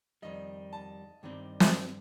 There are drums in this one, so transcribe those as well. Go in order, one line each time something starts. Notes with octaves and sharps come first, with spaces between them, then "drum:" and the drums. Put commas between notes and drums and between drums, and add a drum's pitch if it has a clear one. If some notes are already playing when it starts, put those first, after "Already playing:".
F2 D#3 G3 D#5
A5
G2 D#3 G3 C4 D#4
drum: snare